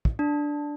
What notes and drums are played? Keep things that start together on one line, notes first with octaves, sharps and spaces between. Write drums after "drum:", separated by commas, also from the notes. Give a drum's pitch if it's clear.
drum: kick
D4